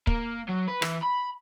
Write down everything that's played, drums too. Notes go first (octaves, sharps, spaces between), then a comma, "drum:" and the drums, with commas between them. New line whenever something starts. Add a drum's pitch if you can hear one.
A#3, drum: kick
F#3
B4
E3, drum: rim click
B5